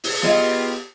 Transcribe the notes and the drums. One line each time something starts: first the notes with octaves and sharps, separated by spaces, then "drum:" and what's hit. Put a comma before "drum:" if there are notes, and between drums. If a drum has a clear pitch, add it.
drum: open hi-hat
B3 F4 G4 G#4 D#5, drum: snare